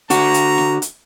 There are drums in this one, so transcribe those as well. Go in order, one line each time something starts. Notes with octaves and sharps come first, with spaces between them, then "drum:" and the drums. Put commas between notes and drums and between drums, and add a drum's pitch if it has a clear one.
D3 F#4 A#5, drum: hi-hat
drum: hi-hat
drum: snare
drum: hi-hat